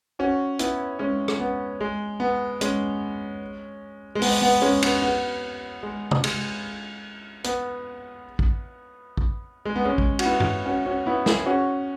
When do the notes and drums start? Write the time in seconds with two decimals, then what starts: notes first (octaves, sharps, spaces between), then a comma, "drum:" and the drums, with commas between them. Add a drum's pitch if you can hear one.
0.19 C#4 F#4
0.59 B3 E4, drum: hi-hat
0.99 G#3 C#4
1.28 drum: rim click
1.40 B3
1.81 G#3
2.20 B3
2.61 G#3 C#4, drum: hi-hat
4.15 G#3
4.22 B3, drum: open hi-hat
4.41 B3
4.62 G#3 C#4
4.83 B3, drum: cymbal
5.02 B3
5.83 G#3
6.11 drum: tom
6.24 G#3, drum: cymbal
7.44 B3, drum: hi-hat
8.39 drum: kick
9.17 drum: kick
9.65 G#3
9.76 B3
9.85 G#3 C#4
9.98 drum: kick
10.19 F#4, drum: cymbal
10.25 B3 E4
10.40 drum: tom G2
10.66 C#4 F#4
10.86 C#4 F#4
11.06 B3 E4
11.26 E4 G#4, drum: snare
11.46 C#4 F#4